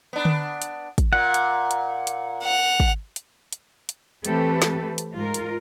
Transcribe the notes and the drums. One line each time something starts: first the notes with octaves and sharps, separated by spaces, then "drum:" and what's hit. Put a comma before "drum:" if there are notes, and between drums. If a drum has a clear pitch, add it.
B3 D4
drum: tom D3
drum: hi-hat
drum: kick, hi-hat
A#2 F#5
drum: hi-hat
drum: hi-hat
drum: hi-hat
F#5 F7
drum: kick
drum: hi-hat
drum: hi-hat
drum: hi-hat
E3 A3 C4 G4 A4 B4, drum: hi-hat
drum: snare
drum: hi-hat
G#2 F4 A#4
drum: hi-hat